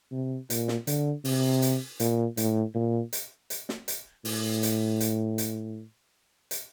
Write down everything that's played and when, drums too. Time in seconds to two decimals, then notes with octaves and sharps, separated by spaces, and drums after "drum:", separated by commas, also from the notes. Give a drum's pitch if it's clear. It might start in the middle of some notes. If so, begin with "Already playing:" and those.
0.12 C3
0.50 A#2, drum: hi-hat
0.68 drum: snare
0.87 D3, drum: hi-hat
1.25 C3, drum: open hi-hat
1.62 drum: hi-hat
2.00 A#2, drum: hi-hat
2.37 A2, drum: hi-hat
2.74 A#2
3.13 drum: hi-hat
3.50 drum: hi-hat
3.69 drum: snare
3.88 drum: hi-hat
4.25 A2, drum: open hi-hat
4.63 drum: hi-hat
5.00 drum: hi-hat
5.38 drum: hi-hat
6.51 drum: hi-hat